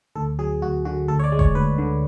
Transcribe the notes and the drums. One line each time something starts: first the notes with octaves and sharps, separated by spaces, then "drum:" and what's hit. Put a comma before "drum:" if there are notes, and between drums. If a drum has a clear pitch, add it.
D2 A4
F#3 G#4
D2 F#4
D3 F#4
D2 A4
C#5
D5
G#3
C#5, drum: kick E1
D2 B4
D3